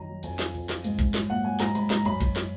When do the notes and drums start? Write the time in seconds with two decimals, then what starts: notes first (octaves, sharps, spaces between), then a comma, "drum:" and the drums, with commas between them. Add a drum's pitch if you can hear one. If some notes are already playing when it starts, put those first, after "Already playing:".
Already playing: F#2 D#3 A#5
0.09 F#3
0.23 F2 G#5, drum: cymbal
0.39 F3, drum: snare
0.54 F2, drum: cymbal
0.69 F3, drum: snare
0.84 G#2, drum: cymbal
0.99 G#2, drum: kick A#1, cymbal
1.14 F#3, drum: snare
1.29 A#2 F#5
1.44 F#3 G#5
1.60 G#2 A#5, drum: snare
1.75 G#2 B5, drum: cymbal
1.90 G#2 A#5, drum: snare
2.05 F#2 B5, drum: cymbal
2.21 F#2, drum: kick A#1, cymbal
2.36 drum: snare